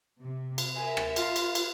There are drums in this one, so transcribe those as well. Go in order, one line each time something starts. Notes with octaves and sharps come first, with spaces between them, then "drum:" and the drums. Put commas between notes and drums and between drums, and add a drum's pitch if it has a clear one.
C3
drum: cymbal
A#4 E5 G#5
drum: rim click
F4, drum: cymbal
drum: cymbal
drum: cymbal